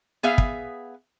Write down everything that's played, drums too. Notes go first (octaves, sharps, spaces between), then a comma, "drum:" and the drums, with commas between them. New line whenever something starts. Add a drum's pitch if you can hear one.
B3 G#4 E5 F5
drum: kick